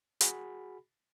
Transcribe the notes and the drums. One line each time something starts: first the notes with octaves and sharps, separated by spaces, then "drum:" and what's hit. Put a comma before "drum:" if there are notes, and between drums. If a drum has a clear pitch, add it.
F#4 G#4 B5, drum: hi-hat